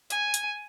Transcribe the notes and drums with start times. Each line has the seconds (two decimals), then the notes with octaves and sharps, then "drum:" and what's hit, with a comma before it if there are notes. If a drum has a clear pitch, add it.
0.10 G#5, drum: hi-hat
0.34 drum: hi-hat